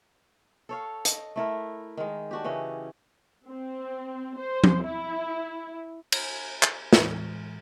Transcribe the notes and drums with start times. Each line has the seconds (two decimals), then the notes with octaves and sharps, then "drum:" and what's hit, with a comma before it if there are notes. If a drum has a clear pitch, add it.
0.69 A4 C#5 F5
1.05 D#5, drum: hi-hat
1.36 A3 E4 A#4
1.97 D#3 G#3
2.31 D4 F#4 G4
2.44 C#3 E3 C#4 D#5
3.46 C4
4.37 C5
4.64 drum: tom F3
4.83 E4
6.12 drum: cymbal
6.63 drum: clap
6.93 A2 E3 G#3, drum: snare